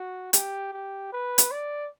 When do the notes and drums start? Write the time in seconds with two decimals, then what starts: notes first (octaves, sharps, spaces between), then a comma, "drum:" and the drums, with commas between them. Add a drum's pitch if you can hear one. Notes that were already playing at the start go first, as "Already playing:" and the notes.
Already playing: F#4
0.33 G4, drum: hi-hat
0.73 G4
1.13 B4
1.38 drum: hi-hat
1.52 D5